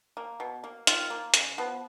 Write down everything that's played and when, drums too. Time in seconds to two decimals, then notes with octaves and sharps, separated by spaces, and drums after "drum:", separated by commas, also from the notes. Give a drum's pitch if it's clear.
0.17 A#3
0.40 B2
0.64 A#3
0.87 D#3 F4, drum: hi-hat
1.10 A#3
1.34 C#3, drum: hi-hat
1.58 F3 B3